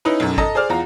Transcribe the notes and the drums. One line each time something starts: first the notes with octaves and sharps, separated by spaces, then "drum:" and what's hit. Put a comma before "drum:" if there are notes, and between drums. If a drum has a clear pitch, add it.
C#4 D#4 E4 B4
B1 F#2
A4 D#5 A#5 D#6, drum: kick G#1
G#4 C5 D5 F6
E2 F4 A#5